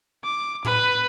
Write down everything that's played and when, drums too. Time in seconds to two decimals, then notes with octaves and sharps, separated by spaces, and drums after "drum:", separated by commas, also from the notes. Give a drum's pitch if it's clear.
0.24 D6
0.65 B4, drum: tom A2